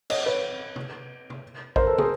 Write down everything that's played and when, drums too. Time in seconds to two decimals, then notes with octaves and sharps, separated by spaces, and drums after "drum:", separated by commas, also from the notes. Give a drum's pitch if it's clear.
0.10 C#5 D#5, drum: cymbal
0.26 B4 C#5
0.76 drum: tom C3
1.30 drum: tom C3
1.76 A#4 C5, drum: kick A#1
1.87 A4 B4
1.98 G#4 A#4, drum: tom